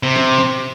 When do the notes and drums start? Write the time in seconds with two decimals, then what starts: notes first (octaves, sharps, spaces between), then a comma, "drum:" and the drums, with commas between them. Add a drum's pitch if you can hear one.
0.03 C3
0.16 drum: snare
0.38 drum: snare